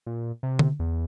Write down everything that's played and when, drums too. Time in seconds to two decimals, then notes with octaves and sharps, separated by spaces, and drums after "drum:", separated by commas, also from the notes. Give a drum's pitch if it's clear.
0.06 A#2
0.43 C3
0.59 drum: tom D3
0.80 E2